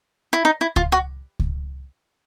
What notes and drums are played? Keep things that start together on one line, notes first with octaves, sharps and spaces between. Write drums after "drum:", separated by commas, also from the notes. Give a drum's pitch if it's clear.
E4
D#4
E4
F4, drum: kick C#2
F#4
drum: kick C#2